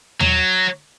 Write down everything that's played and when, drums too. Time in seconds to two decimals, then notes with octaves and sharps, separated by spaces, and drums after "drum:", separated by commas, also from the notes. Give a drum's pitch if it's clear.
0.20 F#3, drum: tom D#2